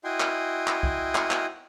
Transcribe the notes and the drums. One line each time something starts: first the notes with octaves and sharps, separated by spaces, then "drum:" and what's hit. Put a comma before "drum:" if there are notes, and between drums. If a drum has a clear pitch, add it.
E4 F#4 D#5 G5 G#5 C6
drum: clap
drum: clap
drum: kick
drum: clap
drum: clap